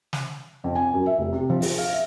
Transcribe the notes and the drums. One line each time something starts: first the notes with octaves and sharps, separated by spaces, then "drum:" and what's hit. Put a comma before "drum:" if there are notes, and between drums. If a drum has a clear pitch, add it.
drum: snare
F2
G#5
F#2
E5
F1
C3
F3
G#4, drum: open hi-hat
F5
E5